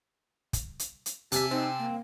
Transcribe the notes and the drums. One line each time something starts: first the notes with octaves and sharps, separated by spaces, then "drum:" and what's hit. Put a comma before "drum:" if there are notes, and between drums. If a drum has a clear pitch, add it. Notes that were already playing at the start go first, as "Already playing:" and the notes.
drum: kick, hi-hat
drum: hi-hat
drum: hi-hat
C3 G4 E5 G#5 A5, drum: hi-hat
C4 D#4
A#3